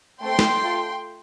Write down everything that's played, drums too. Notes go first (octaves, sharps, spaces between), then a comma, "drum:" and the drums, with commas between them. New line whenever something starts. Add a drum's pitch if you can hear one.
A3 C4 A4 G5 C6
drum: snare
A3 F4 A4